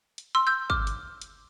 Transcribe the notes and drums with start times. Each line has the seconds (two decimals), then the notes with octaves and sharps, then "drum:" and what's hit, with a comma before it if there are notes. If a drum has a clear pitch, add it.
0.18 drum: hi-hat
0.35 C6 E6
0.47 E6 G6
0.70 D6 F6, drum: kick
0.87 drum: hi-hat
1.21 drum: hi-hat